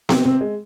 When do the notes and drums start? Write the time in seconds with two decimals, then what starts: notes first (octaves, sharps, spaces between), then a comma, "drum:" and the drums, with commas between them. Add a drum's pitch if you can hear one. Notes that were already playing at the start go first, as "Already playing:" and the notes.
0.09 C3 C4, drum: snare B3
0.25 C3 C4
0.41 G#3